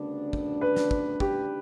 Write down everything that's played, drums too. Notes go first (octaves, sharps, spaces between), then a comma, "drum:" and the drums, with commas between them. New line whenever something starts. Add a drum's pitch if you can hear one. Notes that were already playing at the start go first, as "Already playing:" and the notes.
Already playing: D2 C#3 G3 B3 D4
drum: kick
B4
drum: snare
drum: kick
G4, drum: kick